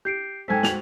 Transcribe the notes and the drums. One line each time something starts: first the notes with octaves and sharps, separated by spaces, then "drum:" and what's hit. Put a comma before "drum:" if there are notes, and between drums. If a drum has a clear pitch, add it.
G4 G6 C7 D7
G#2 C4 A4 G5 G#5 G#6 B6
F#4 F7 F#7, drum: snare